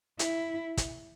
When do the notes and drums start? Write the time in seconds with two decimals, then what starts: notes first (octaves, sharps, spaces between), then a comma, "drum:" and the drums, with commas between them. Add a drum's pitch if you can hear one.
0.19 E4, drum: hi-hat
0.77 drum: kick, hi-hat